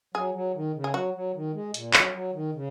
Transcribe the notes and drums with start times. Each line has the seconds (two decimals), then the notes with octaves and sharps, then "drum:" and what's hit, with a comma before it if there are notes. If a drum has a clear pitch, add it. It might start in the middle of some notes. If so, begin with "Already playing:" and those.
0.14 F#3 G#4
0.34 F#3
0.54 D#3
0.75 C#3
0.84 G#4
0.94 F#3 F#4
1.14 F#3
1.34 D#3
1.53 G#3
1.74 A#2, drum: hi-hat
1.93 F#3, drum: clap
2.13 F#3
2.33 D#3
2.54 C#3